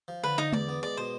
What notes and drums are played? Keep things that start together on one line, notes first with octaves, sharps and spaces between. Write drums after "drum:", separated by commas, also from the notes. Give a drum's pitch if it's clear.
F3
D3 B4
D3 D#4 D#5
E2 D5, drum: tom G#3
B3
G#3 D5
B2 C5